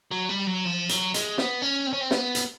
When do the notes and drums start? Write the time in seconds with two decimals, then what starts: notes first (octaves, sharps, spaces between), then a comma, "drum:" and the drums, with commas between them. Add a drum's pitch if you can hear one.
0.11 F#3
0.29 G3
0.47 F#3
0.65 F3
0.89 F#3, drum: hi-hat
1.14 G#3, drum: hi-hat
1.38 B3, drum: snare
1.62 C#4
1.87 C4
1.93 C#4
2.01 C4
2.11 B3, drum: snare
2.35 drum: hi-hat